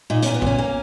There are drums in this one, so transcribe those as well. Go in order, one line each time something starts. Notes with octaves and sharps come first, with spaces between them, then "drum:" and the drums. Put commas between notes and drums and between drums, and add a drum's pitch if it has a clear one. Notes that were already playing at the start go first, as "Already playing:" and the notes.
A#2 D#4
A#2 C#4, drum: hi-hat
B3
A#2 C#4, drum: kick A1
A#3